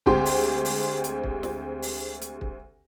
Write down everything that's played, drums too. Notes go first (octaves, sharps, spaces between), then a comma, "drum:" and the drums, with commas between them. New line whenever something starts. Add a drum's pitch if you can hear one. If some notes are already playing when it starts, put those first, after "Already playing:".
D2 G#3 C4 G4 C6, drum: kick
drum: open hi-hat
drum: open hi-hat
drum: hi-hat
drum: kick
drum: snare
drum: open hi-hat
drum: hi-hat
drum: kick